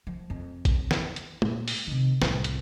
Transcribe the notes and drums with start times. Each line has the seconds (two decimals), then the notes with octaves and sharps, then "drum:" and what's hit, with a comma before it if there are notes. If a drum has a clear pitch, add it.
0.07 F3
0.30 F2
0.65 drum: kick A1, hi-hat
0.91 drum: snare
1.16 drum: hi-hat
1.42 A#2, drum: tom
1.68 drum: open hi-hat
1.87 C3 D#3
2.22 C2 A2, drum: snare
2.44 drum: hi-hat